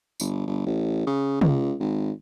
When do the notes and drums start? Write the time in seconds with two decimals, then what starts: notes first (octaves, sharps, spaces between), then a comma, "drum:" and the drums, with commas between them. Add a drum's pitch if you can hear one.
0.20 G1, drum: tambourine
0.47 G1
0.66 A1
1.07 C#3
1.41 C#2, drum: tom
1.80 G#1